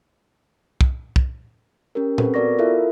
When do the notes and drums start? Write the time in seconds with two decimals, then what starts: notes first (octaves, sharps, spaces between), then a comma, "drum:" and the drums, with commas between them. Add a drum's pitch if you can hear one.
0.81 drum: kick
1.16 drum: kick
1.95 C#4 G4 A#4
2.18 C4 A4 B4, drum: tom A#2
2.34 B3 F#4 A#4 D5 C#6 A#6
2.59 E4 F4 A4 A#4 E5 F5